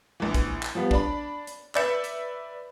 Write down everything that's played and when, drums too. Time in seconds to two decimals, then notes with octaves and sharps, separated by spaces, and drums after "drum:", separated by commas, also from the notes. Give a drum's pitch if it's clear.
0.20 A#1 E3
0.34 drum: kick, hi-hat
0.63 drum: clap
0.75 F3 G3 B3
0.91 D4 D5 B5, drum: kick
1.47 drum: hi-hat
1.75 B4 D5 E5 G6 C#7 E7, drum: clap
2.04 drum: hi-hat